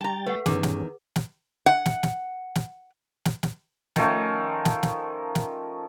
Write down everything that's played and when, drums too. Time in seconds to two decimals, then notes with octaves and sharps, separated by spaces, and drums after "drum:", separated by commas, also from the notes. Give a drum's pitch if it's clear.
0.01 G3 G5 A5 A#5 A6
0.26 A3 B4 F#5
0.46 E2 G2 D#3 C#4 G#4, drum: snare
0.63 drum: snare
1.16 drum: snare
1.66 F#5
1.86 drum: snare
2.03 drum: snare
2.55 drum: snare
3.25 drum: snare
3.43 drum: snare
3.96 D#3 F3 A3 C#4, drum: snare
4.65 drum: snare
4.83 drum: snare
5.35 drum: snare